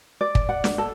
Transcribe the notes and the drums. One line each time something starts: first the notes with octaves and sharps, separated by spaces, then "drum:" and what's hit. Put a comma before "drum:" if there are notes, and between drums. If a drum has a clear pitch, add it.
D5
drum: kick
F#5
drum: snare
A4